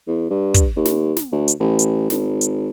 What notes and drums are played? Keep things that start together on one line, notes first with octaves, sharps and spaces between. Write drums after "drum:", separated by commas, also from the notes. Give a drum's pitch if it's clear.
E2
G2
drum: kick, hi-hat
D#2
drum: snare
drum: snare
D2
drum: hi-hat
A1
drum: hi-hat
G#1, drum: snare
drum: hi-hat